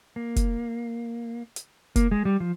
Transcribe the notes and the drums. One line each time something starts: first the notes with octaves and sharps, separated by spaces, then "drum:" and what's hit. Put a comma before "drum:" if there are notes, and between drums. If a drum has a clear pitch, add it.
A#3
drum: kick F1, hi-hat
drum: hi-hat
A#3, drum: kick F1, hi-hat
G#3
G3
F3